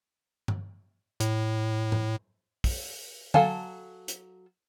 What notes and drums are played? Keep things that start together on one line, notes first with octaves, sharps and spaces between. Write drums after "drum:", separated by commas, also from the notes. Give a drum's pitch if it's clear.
drum: tom G2
A2, drum: hi-hat
drum: tom G#2
drum: kick, open hi-hat
F#3 A4 F5 G#5 A5, drum: tom
drum: hi-hat